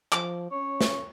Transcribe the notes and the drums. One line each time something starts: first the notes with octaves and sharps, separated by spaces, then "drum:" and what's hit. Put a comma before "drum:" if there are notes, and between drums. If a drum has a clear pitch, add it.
F3 D6, drum: clap
C#4 C#5
drum: snare